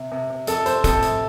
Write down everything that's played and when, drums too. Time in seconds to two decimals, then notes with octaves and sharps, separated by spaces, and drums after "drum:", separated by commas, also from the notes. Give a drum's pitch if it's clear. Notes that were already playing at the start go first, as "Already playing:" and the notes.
Already playing: C3
0.12 C3
0.30 C3
0.47 F2 A4, drum: hi-hat
0.66 F2 C5, drum: hi-hat
0.84 F2 A4, drum: kick, hi-hat
1.02 C3, drum: hi-hat